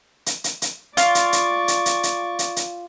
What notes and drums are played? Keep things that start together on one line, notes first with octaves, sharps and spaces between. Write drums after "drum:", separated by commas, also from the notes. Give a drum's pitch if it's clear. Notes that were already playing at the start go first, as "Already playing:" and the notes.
drum: hi-hat
drum: hi-hat
drum: hi-hat
F4 D5 C#6, drum: hi-hat
drum: hi-hat
drum: hi-hat
drum: hi-hat
drum: hi-hat
drum: hi-hat
drum: hi-hat
drum: hi-hat